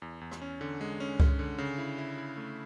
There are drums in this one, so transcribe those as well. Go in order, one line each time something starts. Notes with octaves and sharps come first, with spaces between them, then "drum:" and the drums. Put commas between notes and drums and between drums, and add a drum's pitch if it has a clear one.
E2
E2
drum: rim click
C#4
D3
G#3
C#4
C#4, drum: kick C#2
D3
C#3
E4
E4
E4
A3